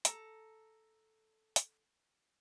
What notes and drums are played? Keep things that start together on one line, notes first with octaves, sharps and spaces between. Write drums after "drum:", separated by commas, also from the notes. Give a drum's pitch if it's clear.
A4 A#5, drum: hi-hat
drum: hi-hat